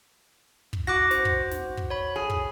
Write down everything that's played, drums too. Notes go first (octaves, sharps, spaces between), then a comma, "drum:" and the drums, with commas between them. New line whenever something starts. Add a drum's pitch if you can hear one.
drum: kick
F#4 D6 F#6 A#6
C5, drum: snare
drum: kick
drum: snare
drum: kick
C#5 B5
G#4
drum: kick